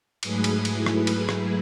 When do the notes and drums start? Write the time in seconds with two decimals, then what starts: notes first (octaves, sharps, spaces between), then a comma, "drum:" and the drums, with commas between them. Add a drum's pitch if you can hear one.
0.23 G#2 F#3 A3 G#4 B4, drum: cymbal
0.44 drum: cymbal
0.65 E4 G#4, drum: cymbal
0.86 drum: rim click
1.07 E4, drum: cymbal
1.29 drum: rim click